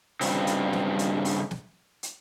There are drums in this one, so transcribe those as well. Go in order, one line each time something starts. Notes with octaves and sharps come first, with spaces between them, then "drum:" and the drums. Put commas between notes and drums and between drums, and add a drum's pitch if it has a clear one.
G2 C#3 C4, drum: open hi-hat
drum: hi-hat
drum: snare
drum: hi-hat
drum: open hi-hat
drum: snare
drum: hi-hat